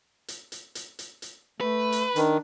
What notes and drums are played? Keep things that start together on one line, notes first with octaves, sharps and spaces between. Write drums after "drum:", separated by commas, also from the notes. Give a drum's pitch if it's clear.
drum: hi-hat
drum: hi-hat
drum: hi-hat
drum: hi-hat
drum: hi-hat
A3 B4
drum: hi-hat
D#3 D4, drum: hi-hat